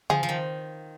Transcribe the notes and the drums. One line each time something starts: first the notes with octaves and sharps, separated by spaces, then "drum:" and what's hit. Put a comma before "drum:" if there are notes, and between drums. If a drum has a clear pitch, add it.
F3 G#4, drum: tom C#3
F3
D#3